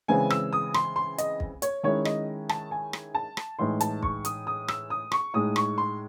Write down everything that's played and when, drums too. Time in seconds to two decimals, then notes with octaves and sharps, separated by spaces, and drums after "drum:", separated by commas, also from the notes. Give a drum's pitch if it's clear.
0.08 C#3 E3 G#3 C4 G#5
0.30 E6, drum: rim click
0.53 D#6
0.74 C6, drum: rim click
0.96 C6
1.18 D#5, drum: hi-hat
1.40 drum: kick
1.62 C#5, drum: hi-hat
1.83 D#3 G#3 C#4 E4 C#5
2.05 D#5, drum: rim click
2.49 A5, drum: rim click
2.71 G#5
2.93 drum: rim click
3.15 A5
3.37 drum: rim click
3.59 A2 E3 G#3 D#4 C6
3.80 A5, drum: hi-hat
4.03 C#6, drum: kick
4.25 D#6, drum: hi-hat
4.47 D#6
4.68 E6, drum: rim click
4.90 D#6
5.12 C#6, drum: rim click
5.34 A2 G#3 D#4 D#6
5.56 C#6, drum: rim click
5.78 C6